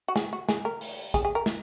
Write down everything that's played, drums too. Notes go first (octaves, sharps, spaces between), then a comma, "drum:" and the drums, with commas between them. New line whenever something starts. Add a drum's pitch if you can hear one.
F#4
G#4, drum: snare
F#4
G#4, drum: snare
A#4
drum: open hi-hat
G#4, drum: kick A1, hi-hat
G#4
A#4
drum: snare